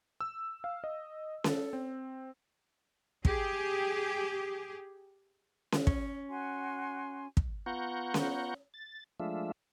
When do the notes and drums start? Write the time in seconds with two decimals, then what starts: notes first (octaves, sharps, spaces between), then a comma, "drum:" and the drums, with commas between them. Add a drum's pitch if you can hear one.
0.21 E6
0.64 F5
0.84 D#5
1.44 A4, drum: snare C#4
1.73 C4
3.25 G4 G#4, drum: kick
5.72 drum: snare C#4
5.87 C#4, drum: kick
6.29 F#4 G#5 C6
7.37 drum: kick
7.66 B3 F4 F#5 A#5 C#6 G6
8.14 drum: snare C#4
8.74 A6
9.20 F3 G#3 A3 D4 F4 E5